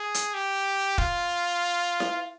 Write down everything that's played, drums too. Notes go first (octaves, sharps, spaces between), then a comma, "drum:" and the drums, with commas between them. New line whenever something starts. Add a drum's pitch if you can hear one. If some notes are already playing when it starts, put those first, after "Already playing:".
Already playing: G#4
drum: hi-hat
G4
F4, drum: kick E1
drum: snare E4